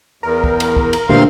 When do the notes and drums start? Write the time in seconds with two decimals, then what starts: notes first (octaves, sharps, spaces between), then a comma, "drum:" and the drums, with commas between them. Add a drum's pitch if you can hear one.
0.23 E2 A#4
0.44 drum: kick
0.60 drum: cymbal
0.77 drum: kick
0.93 drum: cymbal
1.09 G2 A#2 D3 A3 C4 F5 C6